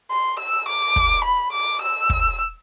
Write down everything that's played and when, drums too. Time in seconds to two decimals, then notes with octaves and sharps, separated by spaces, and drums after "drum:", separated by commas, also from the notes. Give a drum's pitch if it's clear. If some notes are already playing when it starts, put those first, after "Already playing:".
0.11 C6
0.39 E6
0.68 D6
0.96 drum: kick
1.24 B5
1.52 D6
1.81 E6
2.10 drum: kick